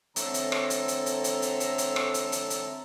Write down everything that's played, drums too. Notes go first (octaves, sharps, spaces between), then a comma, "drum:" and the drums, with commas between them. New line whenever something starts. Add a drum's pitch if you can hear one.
D3 C4 A4 C#5 E5 A#5, drum: hi-hat
drum: hi-hat
drum: rim click
drum: hi-hat
drum: hi-hat
drum: hi-hat
drum: hi-hat
drum: hi-hat
drum: hi-hat
drum: hi-hat
drum: rim click
drum: hi-hat
drum: hi-hat
drum: hi-hat